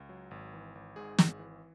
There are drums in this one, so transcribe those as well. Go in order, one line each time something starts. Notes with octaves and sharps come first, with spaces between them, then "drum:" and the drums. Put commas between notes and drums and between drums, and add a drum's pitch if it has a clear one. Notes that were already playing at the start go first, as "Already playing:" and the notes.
Already playing: C#2
F#3
G#1
E3
G#1
G#2 G#4
G#1, drum: snare
E3